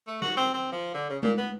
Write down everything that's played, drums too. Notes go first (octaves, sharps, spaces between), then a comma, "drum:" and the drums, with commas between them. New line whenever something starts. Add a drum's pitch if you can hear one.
A3
F#4, drum: snare
C4
C4
F3
D3
C#3
A#2, drum: tom G#3
B3